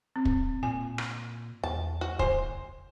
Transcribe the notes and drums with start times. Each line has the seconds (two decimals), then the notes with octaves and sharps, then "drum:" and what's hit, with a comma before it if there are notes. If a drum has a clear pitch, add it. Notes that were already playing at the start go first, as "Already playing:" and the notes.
0.16 C4
0.25 drum: kick
0.63 A#2 G#5
0.98 drum: rim click
1.64 E2 A5
2.01 F#4
2.19 F#1 C5 G#5, drum: kick